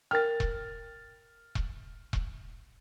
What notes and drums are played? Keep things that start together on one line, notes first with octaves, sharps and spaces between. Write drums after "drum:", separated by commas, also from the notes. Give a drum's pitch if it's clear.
A#4 G5 F6 A6
drum: kick E1
drum: kick E1
drum: kick E1